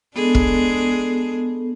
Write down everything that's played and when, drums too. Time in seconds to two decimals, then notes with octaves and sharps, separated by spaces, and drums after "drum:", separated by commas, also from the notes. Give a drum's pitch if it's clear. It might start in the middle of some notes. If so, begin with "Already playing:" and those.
0.16 G#3 B3 D4 G#4 A4
0.35 drum: kick